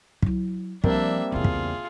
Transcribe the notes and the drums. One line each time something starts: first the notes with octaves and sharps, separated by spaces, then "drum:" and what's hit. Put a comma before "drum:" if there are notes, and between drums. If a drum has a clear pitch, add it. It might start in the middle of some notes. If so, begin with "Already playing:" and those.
F#3 E4, drum: kick
F3 G3 A#3 C4 D4 E5, drum: kick
E2 C#3 F4 G#4
drum: kick